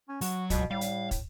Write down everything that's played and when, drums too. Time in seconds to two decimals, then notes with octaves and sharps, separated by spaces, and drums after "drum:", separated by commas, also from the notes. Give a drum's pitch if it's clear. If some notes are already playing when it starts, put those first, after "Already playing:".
0.09 C#4
0.21 F#3 F#4, drum: open hi-hat
0.50 C#2 B2, drum: kick, hi-hat
0.71 A2 G3 F5
0.81 drum: hi-hat
1.11 drum: kick, hi-hat